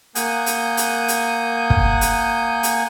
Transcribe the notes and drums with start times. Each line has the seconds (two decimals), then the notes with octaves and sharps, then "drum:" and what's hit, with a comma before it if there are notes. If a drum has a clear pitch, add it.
0.15 A#3 F#5 G#5 D#6 G6, drum: hi-hat
0.46 drum: hi-hat
0.77 drum: hi-hat
1.08 drum: hi-hat
1.70 drum: kick
2.01 drum: hi-hat
2.63 drum: hi-hat